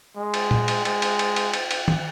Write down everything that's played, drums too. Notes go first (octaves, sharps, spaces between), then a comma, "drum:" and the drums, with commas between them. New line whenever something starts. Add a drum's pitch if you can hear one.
G#3
drum: cymbal
drum: tom A#2
drum: cymbal
G#3, drum: cymbal
drum: cymbal
drum: cymbal
drum: cymbal
drum: cymbal
drum: cymbal
drum: tom